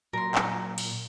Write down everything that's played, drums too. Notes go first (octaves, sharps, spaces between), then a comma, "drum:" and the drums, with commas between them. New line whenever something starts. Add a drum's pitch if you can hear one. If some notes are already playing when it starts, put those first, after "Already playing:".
A#2 F#3 A#4 C6
drum: clap
drum: cymbal